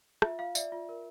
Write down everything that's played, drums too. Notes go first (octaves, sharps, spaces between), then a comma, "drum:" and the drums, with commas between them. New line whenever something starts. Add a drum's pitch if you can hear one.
F4 E5, drum: rim click
F4 F5
D5 E5, drum: tambourine
F4
A#4